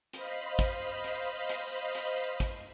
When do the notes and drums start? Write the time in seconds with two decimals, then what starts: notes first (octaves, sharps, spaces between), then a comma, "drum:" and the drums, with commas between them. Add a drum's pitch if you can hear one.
0.13 C5 D#5 F5 B5, drum: hi-hat
0.59 drum: kick, hi-hat
1.04 drum: hi-hat
1.49 drum: hi-hat
1.95 drum: hi-hat
2.40 drum: kick, hi-hat